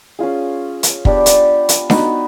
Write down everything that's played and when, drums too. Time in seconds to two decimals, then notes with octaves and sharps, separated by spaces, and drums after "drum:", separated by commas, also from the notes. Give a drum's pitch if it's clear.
0.19 C#4 F4 G#4
0.83 drum: hi-hat
1.05 B3 D4 G4, drum: kick
1.26 drum: hi-hat
1.69 drum: hi-hat
1.90 B3 D#4 F#4 B4, drum: snare D4